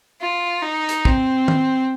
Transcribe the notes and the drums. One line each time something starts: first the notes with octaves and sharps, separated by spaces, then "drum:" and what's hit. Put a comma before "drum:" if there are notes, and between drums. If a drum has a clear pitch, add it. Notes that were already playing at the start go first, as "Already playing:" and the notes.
F4
D#4
drum: hi-hat
C4, drum: kick
drum: tom D#3